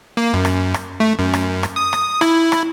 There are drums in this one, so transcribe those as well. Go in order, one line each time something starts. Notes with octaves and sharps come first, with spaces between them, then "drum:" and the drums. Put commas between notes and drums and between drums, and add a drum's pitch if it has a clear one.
A#3
F#2
drum: rim click
drum: rim click
A3
F#2
drum: rim click
drum: rim click
D#6
drum: rim click
E4, drum: rim click
drum: rim click